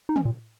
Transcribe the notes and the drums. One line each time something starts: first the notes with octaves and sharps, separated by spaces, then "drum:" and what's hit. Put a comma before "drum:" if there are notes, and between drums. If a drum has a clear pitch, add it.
D#4
C#4, drum: tom
A#2